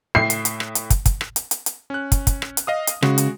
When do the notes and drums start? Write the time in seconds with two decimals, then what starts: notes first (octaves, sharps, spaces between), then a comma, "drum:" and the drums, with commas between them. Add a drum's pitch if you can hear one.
0.15 A2 E5 G5 C7
0.30 drum: hi-hat
0.45 drum: hi-hat
0.60 drum: rim click
0.75 drum: hi-hat
0.90 drum: kick, hi-hat
1.06 drum: kick, hi-hat
1.21 drum: rim click
1.36 drum: hi-hat
1.51 drum: hi-hat
1.66 drum: hi-hat
1.90 C#4 F#6
2.12 drum: kick, hi-hat
2.27 drum: kick, hi-hat
2.42 drum: rim click
2.57 drum: hi-hat
2.67 D#5 F5 D#6
2.87 drum: hi-hat
3.03 C#3 G#3 F#4, drum: rim click
3.18 drum: hi-hat